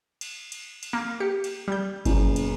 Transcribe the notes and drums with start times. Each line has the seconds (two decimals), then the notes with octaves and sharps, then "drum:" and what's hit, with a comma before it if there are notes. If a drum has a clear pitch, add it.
0.21 drum: cymbal
0.52 drum: cymbal
0.83 drum: cymbal
0.93 A#3
1.20 G4 C#7
1.44 drum: cymbal
1.68 G3 G6
2.05 F#1 F#2 B2, drum: kick G1, cymbal
2.36 drum: cymbal